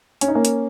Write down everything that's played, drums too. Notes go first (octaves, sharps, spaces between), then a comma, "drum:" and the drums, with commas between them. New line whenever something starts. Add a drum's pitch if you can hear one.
C#4, drum: hi-hat
D#4
A#3 C#4
drum: hi-hat